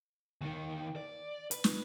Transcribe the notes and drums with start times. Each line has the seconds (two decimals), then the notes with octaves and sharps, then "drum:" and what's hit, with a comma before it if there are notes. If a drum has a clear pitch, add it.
0.41 D#2 D#3
0.96 D5
1.51 B4, drum: hi-hat
1.64 drum: snare